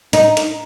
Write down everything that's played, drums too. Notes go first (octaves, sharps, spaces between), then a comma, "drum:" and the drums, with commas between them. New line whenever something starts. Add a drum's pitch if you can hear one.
D#4, drum: hi-hat
drum: hi-hat